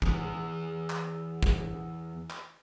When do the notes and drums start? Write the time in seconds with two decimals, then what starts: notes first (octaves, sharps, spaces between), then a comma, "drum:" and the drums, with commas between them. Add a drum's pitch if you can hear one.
0.02 E2 E3, drum: kick
0.90 drum: clap
1.43 drum: kick
2.30 drum: clap